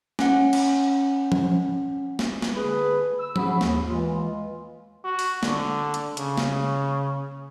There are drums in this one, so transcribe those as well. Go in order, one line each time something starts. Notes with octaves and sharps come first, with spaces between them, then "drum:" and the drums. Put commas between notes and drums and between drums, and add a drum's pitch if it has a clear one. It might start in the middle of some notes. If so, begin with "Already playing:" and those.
C#4 F#5, drum: snare
drum: cymbal
drum: tom F3
drum: snare
drum: snare
D3 G#4 B4
E6
G#2 C#4 F#4 G#4 B5, drum: tom F3
D#2, drum: snare
E3 G#3 F4
F#4
drum: open hi-hat
D3, drum: snare
drum: hi-hat
C#3, drum: hi-hat
drum: snare